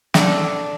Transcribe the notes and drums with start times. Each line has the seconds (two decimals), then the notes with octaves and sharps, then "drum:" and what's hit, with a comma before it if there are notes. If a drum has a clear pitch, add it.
0.14 A2 A3 D4, drum: snare